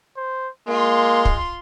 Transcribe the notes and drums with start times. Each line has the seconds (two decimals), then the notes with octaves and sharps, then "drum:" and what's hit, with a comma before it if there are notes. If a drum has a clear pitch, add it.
0.16 C5
0.68 G#3 A#3 F4 C6
1.25 drum: kick